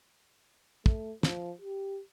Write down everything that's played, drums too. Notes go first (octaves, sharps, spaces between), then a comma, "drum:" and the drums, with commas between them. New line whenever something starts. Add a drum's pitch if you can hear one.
A3, drum: kick
F3, drum: snare
G4